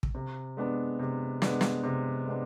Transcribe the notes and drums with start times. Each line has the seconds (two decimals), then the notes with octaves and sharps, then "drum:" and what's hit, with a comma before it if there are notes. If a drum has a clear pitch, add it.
0.03 drum: kick
0.15 C3
0.57 G#3 B3 D4
0.99 C3
1.42 G#3 B3 D4, drum: snare
1.61 drum: snare
1.84 C3
2.26 G#3 B3 D4